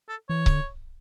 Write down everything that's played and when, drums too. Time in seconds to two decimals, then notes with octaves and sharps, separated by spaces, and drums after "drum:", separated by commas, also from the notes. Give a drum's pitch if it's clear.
0.09 A4
0.29 E3 C#5
0.46 D3, drum: kick C#1